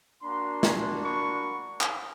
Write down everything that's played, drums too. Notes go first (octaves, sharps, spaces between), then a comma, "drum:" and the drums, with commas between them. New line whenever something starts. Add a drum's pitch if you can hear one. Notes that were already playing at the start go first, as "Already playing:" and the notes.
A#3 D4 F#4 A#5 C6
drum: snare
B5 C#6
drum: clap